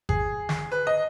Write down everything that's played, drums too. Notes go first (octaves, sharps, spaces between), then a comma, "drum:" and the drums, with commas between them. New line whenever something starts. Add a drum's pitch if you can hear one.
G#4, drum: kick G#1
drum: snare
B4
D#5